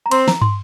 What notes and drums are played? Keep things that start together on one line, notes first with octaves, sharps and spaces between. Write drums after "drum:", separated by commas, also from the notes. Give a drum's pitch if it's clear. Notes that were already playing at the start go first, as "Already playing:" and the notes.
A#5
C4 C6, drum: cymbal
A#5, drum: snare
C6, drum: tom